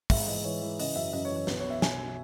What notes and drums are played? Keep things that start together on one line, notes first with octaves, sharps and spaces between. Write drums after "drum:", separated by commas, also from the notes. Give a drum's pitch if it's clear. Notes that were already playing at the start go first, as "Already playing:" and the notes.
G#2 E5, drum: kick, open hi-hat
E3 D#5
E3 C#5
E3
C#3 D#5, drum: open hi-hat
F#2 E5
F#2 D#5
C#5
E3
C#5
B1 B4, drum: snare
C#5
B3
E5
B2 G#5, drum: snare